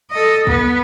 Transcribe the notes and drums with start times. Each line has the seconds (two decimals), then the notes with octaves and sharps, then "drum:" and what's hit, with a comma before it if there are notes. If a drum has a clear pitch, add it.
0.10 A4 D#5
0.47 B3, drum: kick